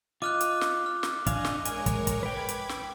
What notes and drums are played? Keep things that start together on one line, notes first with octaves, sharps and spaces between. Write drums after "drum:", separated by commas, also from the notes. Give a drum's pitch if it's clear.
F4 D#5 D6 F6 F#6
drum: hi-hat
drum: snare
F6
drum: snare
D4 D#5 F5 G#5, drum: kick, hi-hat
drum: snare
G#3 A#4 C#5 G#5, drum: hi-hat
drum: kick, hi-hat
drum: kick, hi-hat
B4 G5 B5 D6 G#6
drum: hi-hat
drum: snare